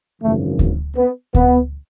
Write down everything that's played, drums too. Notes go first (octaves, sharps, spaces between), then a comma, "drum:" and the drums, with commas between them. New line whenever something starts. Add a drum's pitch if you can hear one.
G#1 F#2 C#3 E3 A3
drum: kick D2
B3
B3, drum: kick D2